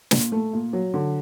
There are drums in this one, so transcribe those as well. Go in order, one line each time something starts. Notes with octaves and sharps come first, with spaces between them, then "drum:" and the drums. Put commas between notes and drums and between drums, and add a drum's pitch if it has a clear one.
A#2, drum: snare
A3
A#2
F#3
D3